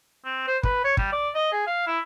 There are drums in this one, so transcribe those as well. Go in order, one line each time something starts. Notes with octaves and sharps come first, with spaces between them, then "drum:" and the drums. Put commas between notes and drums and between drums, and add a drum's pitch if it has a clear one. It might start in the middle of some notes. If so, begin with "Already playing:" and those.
C4
C5
B4, drum: kick
C#5
G3, drum: kick
D5
D#5
G#4
F5
E4